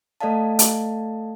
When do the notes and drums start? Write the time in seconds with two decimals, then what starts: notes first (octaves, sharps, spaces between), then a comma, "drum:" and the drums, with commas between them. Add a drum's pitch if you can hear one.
0.21 A3 A4 D5 D#5 F5 A5
0.59 drum: hi-hat